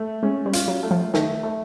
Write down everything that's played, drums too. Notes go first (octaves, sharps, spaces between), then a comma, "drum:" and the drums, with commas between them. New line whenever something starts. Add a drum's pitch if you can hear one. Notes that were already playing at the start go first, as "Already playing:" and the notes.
Already playing: A3
G#3 C#4
G3
F4, drum: hi-hat
F#3
A3
F3
D#3 A3, drum: snare
A3